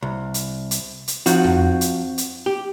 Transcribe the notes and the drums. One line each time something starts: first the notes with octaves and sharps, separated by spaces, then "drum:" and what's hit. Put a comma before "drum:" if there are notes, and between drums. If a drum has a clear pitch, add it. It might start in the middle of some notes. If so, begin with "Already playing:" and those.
C2
drum: hi-hat
drum: hi-hat
drum: hi-hat
F3 C4 D#4 F#4, drum: hi-hat
drum: tom F2
drum: hi-hat
drum: hi-hat
G4